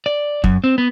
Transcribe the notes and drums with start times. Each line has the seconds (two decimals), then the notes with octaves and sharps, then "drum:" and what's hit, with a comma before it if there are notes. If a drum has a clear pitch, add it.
0.06 D5
0.44 F#2, drum: kick
0.64 C4
0.78 B3